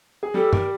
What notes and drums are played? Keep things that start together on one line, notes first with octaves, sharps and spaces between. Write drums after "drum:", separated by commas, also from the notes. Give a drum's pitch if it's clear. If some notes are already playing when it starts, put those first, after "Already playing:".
G#4
G3 G4 A4
A#4, drum: tom G2